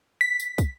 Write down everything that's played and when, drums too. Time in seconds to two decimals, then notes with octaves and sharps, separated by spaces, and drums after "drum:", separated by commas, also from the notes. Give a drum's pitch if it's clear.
0.21 B6
0.40 drum: tambourine
0.58 drum: kick, tambourine